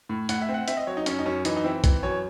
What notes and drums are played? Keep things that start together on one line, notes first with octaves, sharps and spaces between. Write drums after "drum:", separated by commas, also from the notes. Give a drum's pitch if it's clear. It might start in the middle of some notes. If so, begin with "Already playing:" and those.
A2
A2 F#5, drum: hi-hat
E5
C4
F#5
C4 E5, drum: hi-hat
D#5
F#3 C#5
D#4
F#2 C#4, drum: hi-hat
D#4
F#2 C#4
E3 D#4, drum: hi-hat
D#4
C4 E4
E3, drum: kick, hi-hat
F#2 C#5